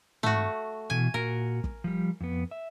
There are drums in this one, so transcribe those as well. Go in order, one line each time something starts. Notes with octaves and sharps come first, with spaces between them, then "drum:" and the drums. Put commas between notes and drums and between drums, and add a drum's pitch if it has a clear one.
A3 F#4, drum: tom
B2 E3 G#5
A#2 F#4 A#4
drum: kick
F3 G3
F2 B3
E5